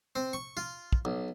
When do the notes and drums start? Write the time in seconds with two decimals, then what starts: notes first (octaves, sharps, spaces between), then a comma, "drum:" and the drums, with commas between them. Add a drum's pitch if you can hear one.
0.16 C4
0.33 C#6
0.57 F4
0.93 drum: kick
1.05 B1